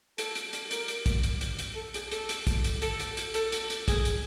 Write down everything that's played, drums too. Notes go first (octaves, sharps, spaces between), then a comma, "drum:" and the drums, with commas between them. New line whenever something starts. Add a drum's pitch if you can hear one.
A4, drum: hi-hat
drum: hi-hat
drum: hi-hat
A#4, drum: hi-hat
drum: hi-hat
drum: kick, hi-hat
drum: hi-hat
drum: hi-hat
drum: hi-hat
A4
G#4, drum: hi-hat
A4, drum: hi-hat
drum: hi-hat
drum: kick, hi-hat
drum: hi-hat
A4, drum: hi-hat
drum: hi-hat
drum: hi-hat
A4, drum: hi-hat
drum: hi-hat
drum: hi-hat
G#4, drum: kick, hi-hat
drum: hi-hat